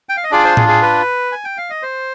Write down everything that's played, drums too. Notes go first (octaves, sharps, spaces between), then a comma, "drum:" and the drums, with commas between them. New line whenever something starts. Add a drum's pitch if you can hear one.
G5
F5
D#5
D4 F4 G#4 D5
C5
G#4, drum: tom A2
G#4
B4
G#5
G5
F5
D#5
C5